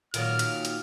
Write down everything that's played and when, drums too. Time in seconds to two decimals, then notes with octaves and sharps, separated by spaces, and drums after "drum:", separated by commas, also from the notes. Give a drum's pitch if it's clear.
0.14 A#2 D#3 F#3 F6, drum: hi-hat
0.39 drum: hi-hat
0.65 drum: hi-hat